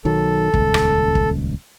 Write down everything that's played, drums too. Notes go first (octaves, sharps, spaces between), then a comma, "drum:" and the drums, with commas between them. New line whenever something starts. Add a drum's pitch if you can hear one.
B1 D#3 F#3 A4
D#1 C#2, drum: kick
drum: rim click
drum: kick